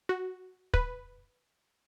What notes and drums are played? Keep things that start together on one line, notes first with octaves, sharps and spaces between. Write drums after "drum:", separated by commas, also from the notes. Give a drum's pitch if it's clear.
F#4
B4, drum: kick